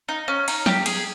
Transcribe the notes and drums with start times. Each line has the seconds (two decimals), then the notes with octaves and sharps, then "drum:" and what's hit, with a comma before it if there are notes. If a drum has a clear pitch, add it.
0.09 D#4
0.28 C#4
0.48 D#4, drum: cymbal
0.66 G4, drum: snare
0.86 G#4, drum: cymbal